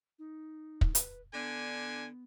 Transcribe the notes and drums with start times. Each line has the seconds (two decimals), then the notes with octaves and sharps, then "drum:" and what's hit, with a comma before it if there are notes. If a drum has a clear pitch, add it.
0.19 D#4
0.81 drum: kick
0.95 B4, drum: hi-hat
1.33 D3 B3 D4 G#5